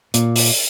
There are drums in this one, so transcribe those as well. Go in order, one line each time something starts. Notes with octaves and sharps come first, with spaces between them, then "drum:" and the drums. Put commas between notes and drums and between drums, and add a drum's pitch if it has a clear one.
A#2, drum: hi-hat
drum: open hi-hat